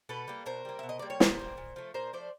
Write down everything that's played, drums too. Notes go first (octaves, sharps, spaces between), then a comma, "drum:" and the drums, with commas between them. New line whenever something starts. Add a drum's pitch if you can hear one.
B2 A4 B4
G3 A#3
B2 A#4 C5
G3 A#3
B2 E5
D#5
G3 A#3 D5
C#5
B2 A#4 C5, drum: snare
G3 A#3
A#2
F3 A3
A#2 A#4 C5
F3 A3 C5 D5